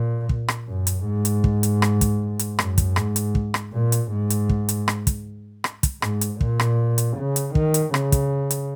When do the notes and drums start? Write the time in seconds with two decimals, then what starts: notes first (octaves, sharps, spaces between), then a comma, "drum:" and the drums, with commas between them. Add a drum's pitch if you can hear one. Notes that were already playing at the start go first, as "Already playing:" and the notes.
Already playing: A#2
0.29 drum: kick
0.48 drum: rim click
0.67 F#2
0.87 drum: hi-hat
1.06 G#2
1.25 drum: hi-hat
1.44 drum: kick
1.63 drum: hi-hat
1.82 drum: rim click
2.01 drum: kick, hi-hat
2.39 drum: hi-hat
2.59 F#2, drum: rim click
2.78 drum: kick, hi-hat
2.96 G#2, drum: rim click
3.16 drum: hi-hat
3.35 drum: kick
3.54 drum: rim click
3.73 A#2
3.92 drum: hi-hat
4.11 G#2
4.30 drum: hi-hat
4.49 drum: kick
4.69 drum: hi-hat
4.88 drum: rim click
5.07 drum: kick, hi-hat
5.64 drum: rim click
5.83 drum: kick, hi-hat
6.02 G#2, drum: rim click
6.21 drum: hi-hat
6.41 A#2, drum: kick
6.60 drum: rim click
6.98 drum: hi-hat
7.17 C#3
7.36 drum: hi-hat
7.55 D#3, drum: kick
7.74 drum: hi-hat
7.94 C#3, drum: rim click
8.12 drum: kick, hi-hat
8.50 drum: hi-hat